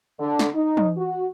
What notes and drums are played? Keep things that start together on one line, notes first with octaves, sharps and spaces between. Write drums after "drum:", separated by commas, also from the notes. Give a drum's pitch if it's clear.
D3
drum: snare
D#4
drum: tom
F#4